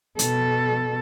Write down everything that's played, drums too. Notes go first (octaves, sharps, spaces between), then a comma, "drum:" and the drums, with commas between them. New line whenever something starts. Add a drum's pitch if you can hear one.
B2 A4, drum: hi-hat